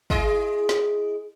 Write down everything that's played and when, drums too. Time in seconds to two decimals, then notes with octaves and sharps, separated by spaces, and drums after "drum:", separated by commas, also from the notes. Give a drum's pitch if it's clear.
0.10 E4 G#4 D#5, drum: kick
0.69 drum: snare